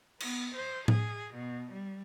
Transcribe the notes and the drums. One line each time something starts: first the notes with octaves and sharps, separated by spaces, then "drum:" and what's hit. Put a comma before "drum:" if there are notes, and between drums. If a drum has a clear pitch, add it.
B3, drum: cymbal
C5
G#4, drum: tom A2
B2
G3